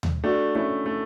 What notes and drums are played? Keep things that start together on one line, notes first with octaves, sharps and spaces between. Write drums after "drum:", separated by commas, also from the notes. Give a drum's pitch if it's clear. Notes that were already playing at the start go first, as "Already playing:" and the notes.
drum: tom D#2
A3 D4 F#4
A3 C#4 E4
A3